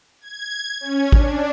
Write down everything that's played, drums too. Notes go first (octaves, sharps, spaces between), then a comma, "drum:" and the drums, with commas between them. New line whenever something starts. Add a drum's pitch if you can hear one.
G#6
C#4
D4, drum: kick